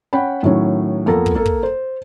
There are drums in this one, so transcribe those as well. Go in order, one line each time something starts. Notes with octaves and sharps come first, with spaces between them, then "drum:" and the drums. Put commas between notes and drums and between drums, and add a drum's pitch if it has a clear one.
C#4 F#5 G5 B5
A2 D#3 F#3 C#4
F2 A#3 B3 A4 A#5
drum: kick
A#3 A4
drum: kick
C5